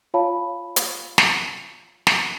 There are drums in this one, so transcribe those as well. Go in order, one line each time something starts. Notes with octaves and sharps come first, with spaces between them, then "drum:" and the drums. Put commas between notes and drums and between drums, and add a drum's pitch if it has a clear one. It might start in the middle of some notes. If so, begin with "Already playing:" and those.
F4 C#5 F5 A5 B5
drum: hi-hat
drum: snare
drum: snare